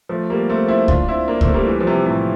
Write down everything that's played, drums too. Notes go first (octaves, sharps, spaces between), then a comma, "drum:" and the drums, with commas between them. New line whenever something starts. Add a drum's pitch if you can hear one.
F3 A3
G3 A#3
A3 C4
C4 E4
D4 F4, drum: kick C#2
C4 E4
A#3 D4
A3 C4, drum: kick C#2
G3 A#3
E3 G3
F3
C3 E3
A2 C3